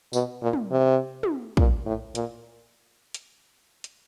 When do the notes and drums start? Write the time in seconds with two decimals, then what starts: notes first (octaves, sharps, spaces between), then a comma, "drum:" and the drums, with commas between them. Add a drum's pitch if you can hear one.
0.13 B2, drum: tambourine
0.42 A#2
0.53 drum: tom
0.71 C3
1.23 drum: tom
1.57 A#2, drum: kick
1.85 A2
2.15 A#2, drum: hi-hat
3.14 drum: hi-hat
3.84 drum: hi-hat